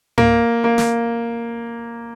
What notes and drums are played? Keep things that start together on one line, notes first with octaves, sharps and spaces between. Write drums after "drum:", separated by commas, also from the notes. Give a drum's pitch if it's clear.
A#3, drum: tom G#2
A#3
drum: snare